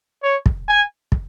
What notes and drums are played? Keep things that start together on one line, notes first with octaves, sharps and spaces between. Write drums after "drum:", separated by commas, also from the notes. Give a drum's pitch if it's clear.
C#5
drum: kick
G#5
drum: kick